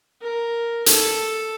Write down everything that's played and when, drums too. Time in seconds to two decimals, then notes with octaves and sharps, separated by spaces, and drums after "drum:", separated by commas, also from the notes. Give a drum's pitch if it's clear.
0.21 A#4
0.86 A4, drum: hi-hat